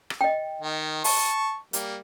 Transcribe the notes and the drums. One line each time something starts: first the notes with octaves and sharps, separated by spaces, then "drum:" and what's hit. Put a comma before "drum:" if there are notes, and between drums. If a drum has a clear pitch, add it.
drum: rim click
D#5 G5
D#3
A5 C#6, drum: open hi-hat
G3 A#3, drum: hi-hat